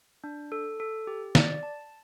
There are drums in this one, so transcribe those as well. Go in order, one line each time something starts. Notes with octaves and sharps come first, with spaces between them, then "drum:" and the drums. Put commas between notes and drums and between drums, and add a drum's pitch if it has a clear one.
D4
A4
A4
G4
D5, drum: snare
A5